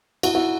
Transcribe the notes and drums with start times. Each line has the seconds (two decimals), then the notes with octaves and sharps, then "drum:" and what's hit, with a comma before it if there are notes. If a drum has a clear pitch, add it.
0.23 E4 F#4, drum: cymbal
0.34 E4 F#4